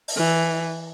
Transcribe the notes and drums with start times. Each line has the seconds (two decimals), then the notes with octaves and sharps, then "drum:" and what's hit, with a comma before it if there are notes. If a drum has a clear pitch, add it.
0.08 drum: open hi-hat
0.17 E3